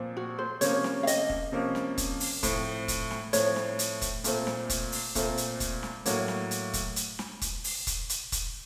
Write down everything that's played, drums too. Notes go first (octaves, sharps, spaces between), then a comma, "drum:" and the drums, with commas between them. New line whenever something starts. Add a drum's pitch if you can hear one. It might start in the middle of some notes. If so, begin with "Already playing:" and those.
Already playing: A#2 F3 C4
F#4
C5
C3 F3 A#3 C#4 C#5, drum: hi-hat
drum: snare
F5
D#5, drum: hi-hat
drum: kick E1
C3 F3 A#3 C#4
drum: snare
drum: kick E1, hi-hat
drum: open hi-hat
A2 F3 C4, drum: kick E1, hi-hat
drum: kick E1, hi-hat
drum: snare
A2 F3 C4 C#5, drum: hi-hat
drum: snare
drum: hi-hat
drum: kick E1, hi-hat
A#2 A3 C4, drum: hi-hat
drum: snare
drum: kick E1, hi-hat
drum: open hi-hat
A#2 A3 C4, drum: kick E1, hi-hat
drum: hi-hat
drum: kick E1, hi-hat
drum: snare
A2 F#3 A#3 C#5, drum: hi-hat
drum: snare
drum: hi-hat
drum: kick E1, hi-hat
drum: hi-hat
drum: snare
drum: kick E1, hi-hat
drum: open hi-hat
drum: kick E1, hi-hat
drum: hi-hat
drum: kick E1, hi-hat